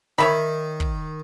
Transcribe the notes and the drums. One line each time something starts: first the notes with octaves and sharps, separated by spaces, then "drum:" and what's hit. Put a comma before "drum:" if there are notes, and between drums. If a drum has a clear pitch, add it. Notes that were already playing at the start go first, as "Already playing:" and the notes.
D#3 C#5 E5 B5
drum: kick